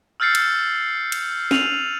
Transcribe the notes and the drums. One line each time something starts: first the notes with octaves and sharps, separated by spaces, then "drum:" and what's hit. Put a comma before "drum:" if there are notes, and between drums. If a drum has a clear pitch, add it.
E6 F6 G6 A6 C7 C#7
drum: cymbal
drum: cymbal
D#7 F7 F#7, drum: snare